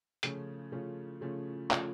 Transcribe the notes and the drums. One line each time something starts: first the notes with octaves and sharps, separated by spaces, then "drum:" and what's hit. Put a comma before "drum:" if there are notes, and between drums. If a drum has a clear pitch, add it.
C#3 F3 A3 C#4 F4, drum: hi-hat
C#3 F3 A3 C#4 F4
C#3 F3 A3 C#4 F4
C#3 F3 A3 C#4 F4, drum: clap